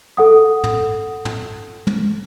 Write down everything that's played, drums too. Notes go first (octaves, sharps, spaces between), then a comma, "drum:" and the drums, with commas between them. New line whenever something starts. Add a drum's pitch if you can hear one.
A4 F#5 D#6
drum: tom
drum: tom
drum: tom